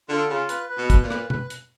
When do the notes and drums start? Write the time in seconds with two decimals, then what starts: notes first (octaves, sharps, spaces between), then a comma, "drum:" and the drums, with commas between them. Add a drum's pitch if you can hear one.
0.09 D3 F4
0.29 C#3 F4
0.49 B4, drum: hi-hat
0.69 B4
0.77 B2
0.90 B4, drum: kick, hi-hat
1.03 A#2
1.10 B4, drum: rim click
1.30 B4, drum: tom B2
1.50 drum: hi-hat